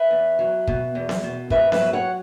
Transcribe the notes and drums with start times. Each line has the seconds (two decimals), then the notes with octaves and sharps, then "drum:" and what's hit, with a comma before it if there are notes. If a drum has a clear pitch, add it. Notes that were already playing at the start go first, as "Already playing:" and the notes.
Already playing: B4 E5
0.11 E2
0.39 F#3
0.67 B2, drum: kick
0.95 E2
1.09 drum: snare B3
1.23 B2
1.50 G#2 B4 E5, drum: kick
1.72 B4 E5, drum: snare B3
1.80 F#3
1.93 C#5 F#5